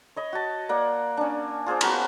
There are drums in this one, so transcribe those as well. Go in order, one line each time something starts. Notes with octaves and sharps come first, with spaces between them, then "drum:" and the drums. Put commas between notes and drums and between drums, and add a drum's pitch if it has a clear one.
C#5 D#5 B5
F#4 A5
A#3 D5 F#5
C#4 D4
F4 G#4 C5 D6
B3 F#4 A#4 C5, drum: cymbal